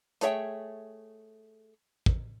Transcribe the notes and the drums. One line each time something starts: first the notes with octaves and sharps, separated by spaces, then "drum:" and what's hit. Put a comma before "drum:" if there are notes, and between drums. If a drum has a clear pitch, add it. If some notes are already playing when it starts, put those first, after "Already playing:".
A3 G#4 C#5 E5 G5, drum: hi-hat
drum: kick